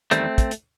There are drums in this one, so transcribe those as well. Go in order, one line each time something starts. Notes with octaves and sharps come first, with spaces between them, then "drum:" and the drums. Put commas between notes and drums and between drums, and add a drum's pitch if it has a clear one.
E2 D#3 G3 A3 C4, drum: hi-hat
drum: kick, hi-hat
drum: hi-hat